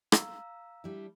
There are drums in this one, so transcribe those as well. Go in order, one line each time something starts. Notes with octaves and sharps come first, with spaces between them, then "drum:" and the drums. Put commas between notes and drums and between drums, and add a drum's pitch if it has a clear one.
F5 A#5 E6, drum: rim click
G3 D4 E4